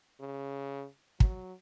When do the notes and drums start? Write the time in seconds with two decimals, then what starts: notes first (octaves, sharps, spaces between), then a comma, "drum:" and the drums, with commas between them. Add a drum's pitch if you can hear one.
0.21 C#3
1.20 F#3, drum: kick